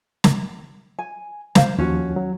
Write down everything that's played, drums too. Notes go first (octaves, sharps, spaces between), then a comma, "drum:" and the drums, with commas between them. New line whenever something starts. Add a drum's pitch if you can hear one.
drum: snare
G#5
C5 F5, drum: snare
D#2 F3 C#4 F#4
F#3